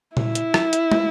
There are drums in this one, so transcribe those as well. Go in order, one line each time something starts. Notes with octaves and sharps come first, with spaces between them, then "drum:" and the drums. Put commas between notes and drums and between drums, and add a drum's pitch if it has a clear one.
E4, drum: tom A#2
drum: hi-hat
drum: rim click
drum: hi-hat
drum: tom